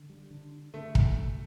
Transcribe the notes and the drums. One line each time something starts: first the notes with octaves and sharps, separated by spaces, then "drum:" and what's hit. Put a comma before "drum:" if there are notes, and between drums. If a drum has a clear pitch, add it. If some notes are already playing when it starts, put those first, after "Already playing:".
Already playing: D3
G3
D3
D4
D3 A3
drum: kick